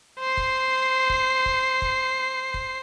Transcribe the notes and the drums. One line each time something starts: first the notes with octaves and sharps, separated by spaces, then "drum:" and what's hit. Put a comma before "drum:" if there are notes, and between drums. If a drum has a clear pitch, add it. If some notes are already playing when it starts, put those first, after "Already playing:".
C5 C7
drum: kick
drum: kick
drum: kick
drum: kick
drum: kick